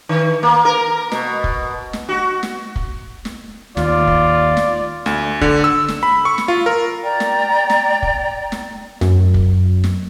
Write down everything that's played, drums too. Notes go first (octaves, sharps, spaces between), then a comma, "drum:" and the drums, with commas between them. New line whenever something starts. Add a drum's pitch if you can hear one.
D#3
A#3
A#4
B2, drum: snare
drum: kick
drum: snare
F#4
drum: snare
drum: kick
drum: snare
D#2 F4 D5, drum: snare
drum: kick
drum: snare
D2, drum: snare
D3, drum: kick
E6
drum: snare
B5
C#6
drum: snare
F4
A#4
D5 G5 A#5
drum: snare
drum: snare
drum: kick
drum: snare
F#2, drum: snare
drum: kick
drum: snare